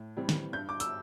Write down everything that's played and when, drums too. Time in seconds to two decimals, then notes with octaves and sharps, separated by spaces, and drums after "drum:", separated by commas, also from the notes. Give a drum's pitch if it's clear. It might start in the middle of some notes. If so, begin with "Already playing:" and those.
Already playing: A2
0.17 E3 G3 C4
0.29 drum: snare
0.53 G2 G6
0.69 D6
0.80 E6, drum: hi-hat